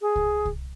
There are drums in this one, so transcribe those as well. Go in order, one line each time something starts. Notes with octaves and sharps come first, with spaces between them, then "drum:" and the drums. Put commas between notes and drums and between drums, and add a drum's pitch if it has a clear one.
G#4
drum: kick C2
drum: kick C2